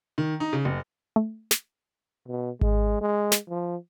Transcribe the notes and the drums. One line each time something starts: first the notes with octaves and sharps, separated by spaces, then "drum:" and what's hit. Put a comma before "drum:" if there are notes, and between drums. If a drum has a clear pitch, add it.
D#3
D#4
C#3
F#1
A3
drum: snare
B2
G#3, drum: kick G#1
G#3
drum: snare
F3